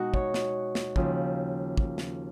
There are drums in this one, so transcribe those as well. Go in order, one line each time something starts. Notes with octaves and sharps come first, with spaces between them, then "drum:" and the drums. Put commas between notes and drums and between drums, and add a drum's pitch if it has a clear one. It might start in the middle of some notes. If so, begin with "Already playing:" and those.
Already playing: B2 G#3 D#4 F#4
C#5, drum: kick
drum: snare
drum: snare
D#2 C#3 F3, drum: kick
drum: kick
drum: snare